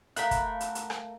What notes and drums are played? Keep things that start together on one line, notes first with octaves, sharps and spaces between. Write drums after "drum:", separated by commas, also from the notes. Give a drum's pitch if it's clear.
A3 A#4 F5 F#5 B5 F#6, drum: hi-hat
drum: kick, hi-hat
drum: hi-hat
drum: hi-hat
drum: rim click